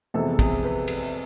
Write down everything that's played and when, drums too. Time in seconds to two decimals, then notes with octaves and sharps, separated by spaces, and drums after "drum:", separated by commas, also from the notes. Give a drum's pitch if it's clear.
0.14 F2 C3 E3 G#3 B3 A4
0.39 G#4, drum: kick, cymbal
0.64 B4
0.88 drum: cymbal